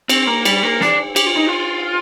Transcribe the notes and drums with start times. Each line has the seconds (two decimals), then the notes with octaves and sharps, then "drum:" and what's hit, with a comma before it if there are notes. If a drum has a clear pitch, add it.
0.09 C4, drum: cymbal
0.27 A#3
0.45 G3, drum: cymbal
0.63 A#3
0.81 D4, drum: snare
1.16 G4, drum: cymbal
1.27 F4
1.37 D#4
1.47 F4